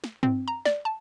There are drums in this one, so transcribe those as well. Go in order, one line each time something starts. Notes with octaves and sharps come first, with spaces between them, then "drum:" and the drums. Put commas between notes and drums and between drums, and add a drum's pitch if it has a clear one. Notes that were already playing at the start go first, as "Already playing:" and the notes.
drum: snare
C4, drum: tom
A#5
D5, drum: snare
A5